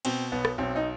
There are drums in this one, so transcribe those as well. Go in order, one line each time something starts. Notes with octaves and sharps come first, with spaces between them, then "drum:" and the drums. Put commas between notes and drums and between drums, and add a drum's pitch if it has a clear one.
B2 C4, drum: cymbal
B1 B3
drum: rim click
B1 C4
D#4